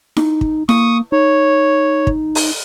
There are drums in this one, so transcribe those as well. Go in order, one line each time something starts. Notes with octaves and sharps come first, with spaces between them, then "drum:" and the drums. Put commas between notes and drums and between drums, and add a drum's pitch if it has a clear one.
D#4, drum: snare E4
drum: kick
A#3 C#6 D#6, drum: snare E4
D#4 C#5
drum: kick
drum: open hi-hat